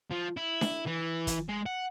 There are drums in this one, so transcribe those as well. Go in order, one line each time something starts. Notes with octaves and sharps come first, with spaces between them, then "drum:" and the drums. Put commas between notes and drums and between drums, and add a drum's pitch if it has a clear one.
F3
E4
drum: snare D4
E3
drum: kick, hi-hat
G#3
F#5